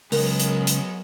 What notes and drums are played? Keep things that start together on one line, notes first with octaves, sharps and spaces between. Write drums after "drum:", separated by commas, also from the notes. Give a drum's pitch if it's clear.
C#2 F#3 G#3 B3 A#4, drum: open hi-hat
drum: hi-hat
drum: hi-hat